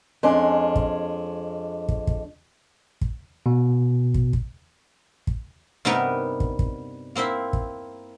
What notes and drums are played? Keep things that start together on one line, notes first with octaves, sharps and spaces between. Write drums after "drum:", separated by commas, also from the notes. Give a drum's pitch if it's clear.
F2 G#3 C#4 D4
drum: kick
drum: kick
drum: kick
drum: kick
B2
drum: kick
drum: kick
drum: kick
G2 C3 B3 D#4 A#4 B4
drum: kick
drum: kick
A#3 C4 E4 E5
drum: kick